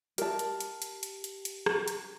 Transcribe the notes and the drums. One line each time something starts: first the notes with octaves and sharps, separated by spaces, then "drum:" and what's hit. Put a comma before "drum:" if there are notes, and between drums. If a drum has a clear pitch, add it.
G4 A#4 A5, drum: hi-hat
drum: hi-hat
drum: hi-hat
drum: hi-hat
drum: hi-hat
drum: hi-hat
drum: hi-hat
drum: rim click
drum: hi-hat